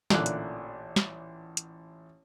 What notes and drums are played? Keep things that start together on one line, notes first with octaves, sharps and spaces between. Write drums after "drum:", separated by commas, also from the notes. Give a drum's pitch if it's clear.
A1 A#2 D3 F#6, drum: snare
drum: hi-hat
drum: snare
drum: hi-hat